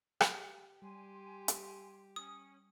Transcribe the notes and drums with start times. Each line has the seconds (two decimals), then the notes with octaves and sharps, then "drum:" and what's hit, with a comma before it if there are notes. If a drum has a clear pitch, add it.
0.21 G4, drum: rim click
0.82 G3 G4 G#5 C6
1.48 drum: hi-hat
2.16 C#4 D#6